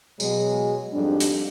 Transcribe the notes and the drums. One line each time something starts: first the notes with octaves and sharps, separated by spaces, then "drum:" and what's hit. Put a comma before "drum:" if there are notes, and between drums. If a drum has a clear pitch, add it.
B2 F#3 G#3, drum: tambourine
F2 G#2 G3 D4
drum: hi-hat